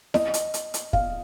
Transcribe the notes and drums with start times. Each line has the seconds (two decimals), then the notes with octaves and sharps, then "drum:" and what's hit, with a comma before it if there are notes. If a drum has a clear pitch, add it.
0.14 D#5, drum: snare E4
0.34 drum: hi-hat
0.54 drum: hi-hat
0.74 drum: hi-hat
0.93 F5, drum: kick